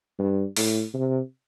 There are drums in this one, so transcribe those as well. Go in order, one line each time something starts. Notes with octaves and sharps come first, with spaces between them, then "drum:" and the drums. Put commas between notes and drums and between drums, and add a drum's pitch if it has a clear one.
G2
A2, drum: open hi-hat
C3